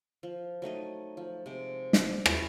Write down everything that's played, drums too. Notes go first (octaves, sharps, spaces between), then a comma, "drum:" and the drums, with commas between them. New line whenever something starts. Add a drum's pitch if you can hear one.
F3
F#3 A3 D#4 D#5
F3
C3 G#3
D5, drum: snare
F#3 G3 C#4 E4, drum: rim click